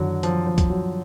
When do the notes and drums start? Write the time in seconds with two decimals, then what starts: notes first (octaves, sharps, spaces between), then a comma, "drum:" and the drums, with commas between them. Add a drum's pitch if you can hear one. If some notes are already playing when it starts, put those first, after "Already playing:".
Already playing: F#2 D3 D#3 F#3
0.23 F3, drum: hi-hat
0.47 F3
0.58 drum: kick, hi-hat
0.70 F#3